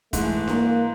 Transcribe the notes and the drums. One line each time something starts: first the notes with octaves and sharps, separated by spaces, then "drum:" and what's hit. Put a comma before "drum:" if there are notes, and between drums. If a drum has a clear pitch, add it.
G#2 E3 G#3 A3, drum: kick F1, hi-hat
A#3, drum: snare D4